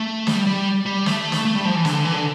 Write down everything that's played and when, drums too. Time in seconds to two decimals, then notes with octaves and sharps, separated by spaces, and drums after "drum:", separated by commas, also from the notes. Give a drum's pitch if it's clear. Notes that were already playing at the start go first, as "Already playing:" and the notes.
Already playing: A3
0.27 G3, drum: snare
0.47 G3
0.86 G3
1.06 A3, drum: snare
1.32 drum: snare
1.45 A3
1.55 G3
1.65 F3
1.75 E3
1.85 D3, drum: snare
2.05 E3
2.14 D3